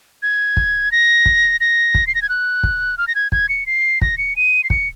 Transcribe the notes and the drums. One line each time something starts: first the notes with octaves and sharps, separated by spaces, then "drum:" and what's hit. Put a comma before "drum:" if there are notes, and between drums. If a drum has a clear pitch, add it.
G#6
drum: kick
A#6
drum: kick
A#6
drum: kick
C7
A#6
G#6
F#6
drum: kick
F6
A#6
G#6
G#6, drum: kick
C#7
C7
A#6, drum: kick
C#7
D#7
C7
C#7, drum: kick